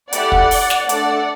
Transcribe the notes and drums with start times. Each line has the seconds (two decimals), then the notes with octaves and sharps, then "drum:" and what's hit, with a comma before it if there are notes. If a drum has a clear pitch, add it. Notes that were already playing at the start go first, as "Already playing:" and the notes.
0.13 A3 E4 G4 D5 F#5, drum: hi-hat
0.32 drum: kick
0.51 drum: open hi-hat
0.70 drum: snare
0.89 A3 D4 A4 D5 F#5, drum: hi-hat